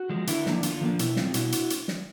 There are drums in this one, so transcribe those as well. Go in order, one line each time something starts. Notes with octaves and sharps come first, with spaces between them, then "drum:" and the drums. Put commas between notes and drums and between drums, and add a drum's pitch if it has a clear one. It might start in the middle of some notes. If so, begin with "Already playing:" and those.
Already playing: F#4
F3 G#3
D3 E4, drum: hi-hat
F3 A#3 D4, drum: snare
D3 F4, drum: hi-hat
F3 A#3 D4
B2 E4, drum: hi-hat
G3 C4 F4, drum: snare
B2 E4 F#4, drum: hi-hat
drum: hi-hat
drum: hi-hat
drum: snare